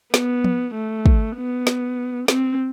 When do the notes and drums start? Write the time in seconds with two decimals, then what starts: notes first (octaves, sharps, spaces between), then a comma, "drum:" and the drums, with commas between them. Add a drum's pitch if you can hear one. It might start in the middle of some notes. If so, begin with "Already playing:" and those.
0.14 B3, drum: snare
0.44 drum: tom F3
0.75 A3
1.06 drum: kick
1.37 B3
1.67 drum: snare
2.28 C4, drum: snare